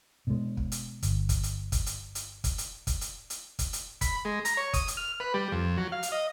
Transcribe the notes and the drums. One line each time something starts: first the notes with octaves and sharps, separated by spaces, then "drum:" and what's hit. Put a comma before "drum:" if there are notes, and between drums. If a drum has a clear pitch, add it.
B2 G#3
drum: kick
drum: hi-hat
G1, drum: hi-hat
drum: kick, hi-hat
drum: hi-hat
drum: kick, hi-hat
drum: hi-hat
drum: hi-hat
drum: kick, hi-hat
drum: hi-hat
drum: kick, hi-hat
drum: hi-hat
drum: hi-hat
drum: kick, hi-hat
drum: hi-hat
B5, drum: kick, hi-hat
G#3
A#5, drum: hi-hat
C#5
D#6, drum: kick, hi-hat
drum: hi-hat
F6
B4
G3
F2
F#3
F5
drum: hi-hat
D#5